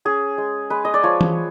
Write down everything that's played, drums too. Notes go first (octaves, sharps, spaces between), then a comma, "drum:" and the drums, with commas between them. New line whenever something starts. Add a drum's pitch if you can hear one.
C#4 G#4
G#3
G#3 B4
D#5
D5
F3 C#5
drum: tom E3